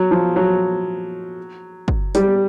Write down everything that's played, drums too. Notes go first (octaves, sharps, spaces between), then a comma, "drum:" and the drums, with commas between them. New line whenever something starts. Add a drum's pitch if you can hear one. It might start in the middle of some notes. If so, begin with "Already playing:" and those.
Already playing: F#3
F3
F#3
drum: kick
G3, drum: hi-hat